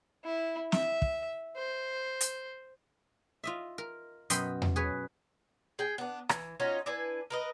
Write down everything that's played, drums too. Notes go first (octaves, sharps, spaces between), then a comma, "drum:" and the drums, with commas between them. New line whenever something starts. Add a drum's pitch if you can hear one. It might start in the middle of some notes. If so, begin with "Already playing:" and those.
E4
E5, drum: snare
drum: kick
C5
drum: hi-hat
F4 D#5 E5
A#4
F#2 B2 D#5 G5 B5 C6, drum: hi-hat
drum: tom E2
G#4 B4 C#5
G#4 G5
B3 D4
E3, drum: rim click
C#4 D#4 F4 F#4
D4 E4 B4 G#5
A#4 B4 D#5